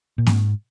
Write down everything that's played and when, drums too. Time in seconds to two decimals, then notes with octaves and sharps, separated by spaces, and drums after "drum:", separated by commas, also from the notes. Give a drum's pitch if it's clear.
0.18 A#2
0.26 G#2, drum: snare A#3